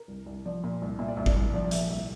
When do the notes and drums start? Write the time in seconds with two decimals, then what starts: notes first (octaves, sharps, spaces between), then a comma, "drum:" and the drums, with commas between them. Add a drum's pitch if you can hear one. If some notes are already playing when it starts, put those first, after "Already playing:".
Already playing: A#4
0.08 C2
0.26 C2
0.46 F3 D5
0.64 A#2
0.82 C2
0.99 A#2 E5
1.08 D5
1.17 C2 E5
1.26 D5, drum: kick G#1
1.36 C2
1.54 F3 D5
1.64 D5
1.71 A#2 E5, drum: hi-hat
1.90 C2 E5